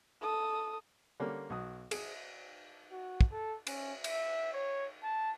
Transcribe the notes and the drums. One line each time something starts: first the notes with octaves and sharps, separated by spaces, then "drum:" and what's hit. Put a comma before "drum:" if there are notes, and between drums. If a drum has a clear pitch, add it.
A4 D#6
D3 G3 A#3 C#4
B1 F#4 D#6
G#4, drum: cymbal
F#4
drum: kick
A4
C#4, drum: cymbal
E5, drum: cymbal
C#5
A5